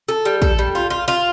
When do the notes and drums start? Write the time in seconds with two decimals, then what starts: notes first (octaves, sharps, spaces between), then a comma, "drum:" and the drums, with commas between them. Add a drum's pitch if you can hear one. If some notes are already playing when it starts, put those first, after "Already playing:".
0.09 A4
0.25 G3
0.42 A4, drum: kick
0.59 G3
0.75 F4
0.90 F4
1.08 F4